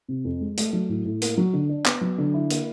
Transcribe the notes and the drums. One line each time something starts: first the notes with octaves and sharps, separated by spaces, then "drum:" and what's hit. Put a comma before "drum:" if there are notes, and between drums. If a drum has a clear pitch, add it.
C3
F2
G#3
A3, drum: hi-hat
F#3
A2
A2
A#3, drum: hi-hat
F#3
D3
D4
B3, drum: clap
F#3
D3
E4
A#3, drum: hi-hat